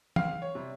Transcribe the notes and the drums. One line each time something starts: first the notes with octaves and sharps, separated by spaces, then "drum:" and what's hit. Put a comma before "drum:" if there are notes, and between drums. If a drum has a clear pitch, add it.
C#2 F5, drum: tom E3
C#5
C3 G3